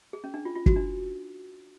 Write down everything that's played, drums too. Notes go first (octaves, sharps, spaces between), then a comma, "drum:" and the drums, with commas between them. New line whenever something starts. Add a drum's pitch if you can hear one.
G#4
C#4
D4
F4
F4
F#4, drum: kick
D4